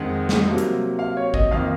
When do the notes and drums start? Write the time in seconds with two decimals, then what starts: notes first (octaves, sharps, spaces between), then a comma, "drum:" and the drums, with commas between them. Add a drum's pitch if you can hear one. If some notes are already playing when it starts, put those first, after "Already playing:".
Already playing: F2 D#3 G#3 F#5
0.29 drum: snare
0.47 C3 F#3 A#3
0.58 drum: hi-hat
0.99 F5
1.17 C#5
1.34 D#5, drum: kick A1
1.51 F2 D#3 A#3 F5